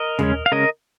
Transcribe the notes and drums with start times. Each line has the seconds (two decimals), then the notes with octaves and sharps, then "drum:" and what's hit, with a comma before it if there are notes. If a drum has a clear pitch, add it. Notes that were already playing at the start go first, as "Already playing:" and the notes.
Already playing: A#4 D#5
0.19 C#3 G#3 C#4, drum: tom
0.46 F5
0.52 C#3 G#3 C#4 A#4 D#5